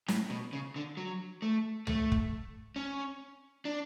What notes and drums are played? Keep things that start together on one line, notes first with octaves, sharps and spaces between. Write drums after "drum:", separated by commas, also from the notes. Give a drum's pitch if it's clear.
A2, drum: snare
B2
C#3
D3
F#3
A3
A3, drum: tom C#2
drum: kick
C#4
D4